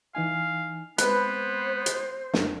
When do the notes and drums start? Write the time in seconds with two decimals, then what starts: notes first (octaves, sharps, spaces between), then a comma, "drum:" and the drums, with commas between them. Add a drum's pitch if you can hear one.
0.15 E3 D#4 F5 G#5
0.98 G#3 B3 C4 B4 C5, drum: hi-hat
1.86 drum: hi-hat
2.34 F#2 A#4 D5, drum: snare